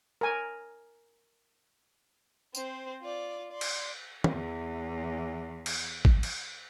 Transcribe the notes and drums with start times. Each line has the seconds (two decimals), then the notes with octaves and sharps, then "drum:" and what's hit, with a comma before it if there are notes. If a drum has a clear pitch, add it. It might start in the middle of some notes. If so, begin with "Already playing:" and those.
0.21 A#4 G#5
2.55 C4 C5, drum: tambourine
3.02 F4 D5
3.52 D5 C6
3.61 drum: cymbal
4.24 E2 E3, drum: tom
5.66 drum: cymbal
6.05 drum: kick
6.23 drum: cymbal